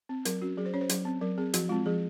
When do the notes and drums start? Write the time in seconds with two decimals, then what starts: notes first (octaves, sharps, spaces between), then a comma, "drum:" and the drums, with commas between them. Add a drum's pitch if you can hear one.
0.09 C4
0.25 F#3 A#4, drum: hi-hat
0.41 C#4 F#4
0.57 F#3 G#4
0.66 C5
0.74 C#4 C#5
0.81 C5
0.89 F#3, drum: hi-hat
1.05 C4
1.21 F#3 A#4
1.38 C4 G#4
1.54 F3 F#4, drum: hi-hat
1.69 G#3 C4 F4
1.86 F3 G#4